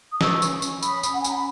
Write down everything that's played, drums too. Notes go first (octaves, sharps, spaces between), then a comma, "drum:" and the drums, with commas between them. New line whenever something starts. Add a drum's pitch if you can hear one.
D#6
B4 C#6 E6, drum: snare
C#4, drum: tambourine
C#4, drum: tambourine
C#4 B5 D#6, drum: tambourine
C#4, drum: tambourine
F#5
G#5
C#4 A#5, drum: tambourine
B5